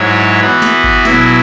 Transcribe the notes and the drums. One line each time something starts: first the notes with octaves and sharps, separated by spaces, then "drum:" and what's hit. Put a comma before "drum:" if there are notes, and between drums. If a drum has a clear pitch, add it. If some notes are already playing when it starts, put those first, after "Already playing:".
Already playing: G#2 F#3 E4 C#5
E3 B3 F#4
drum: snare
drum: kick G1
B2 F#3 E4, drum: snare